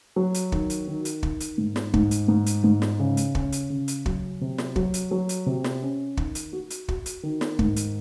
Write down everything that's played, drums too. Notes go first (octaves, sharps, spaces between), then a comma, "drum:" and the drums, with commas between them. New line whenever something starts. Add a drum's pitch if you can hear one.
F#3
drum: hi-hat
D#3, drum: kick
drum: hi-hat
D#3
drum: hi-hat
D#3, drum: kick
drum: hi-hat
G#2
drum: snare
G#2, drum: kick
drum: hi-hat
G#2
drum: hi-hat
G#2
drum: snare
C#3
drum: hi-hat
C#4, drum: kick
drum: hi-hat
C#3
drum: hi-hat
F#3, drum: kick
C3
drum: snare
F#3, drum: kick
drum: hi-hat
F#3
drum: hi-hat
C3
drum: snare
C#4
D#3, drum: kick
drum: hi-hat
F#4
drum: hi-hat
F#4, drum: kick
drum: hi-hat
D#3
drum: snare
G#2, drum: kick
drum: hi-hat